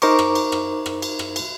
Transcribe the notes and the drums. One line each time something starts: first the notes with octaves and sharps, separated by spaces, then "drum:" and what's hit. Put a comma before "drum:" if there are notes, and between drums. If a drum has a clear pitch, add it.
D#4 A#4 C5 A#5 C#6 D6, drum: cymbal
drum: rim click
drum: cymbal
drum: rim click
drum: rim click
drum: cymbal
drum: rim click
drum: cymbal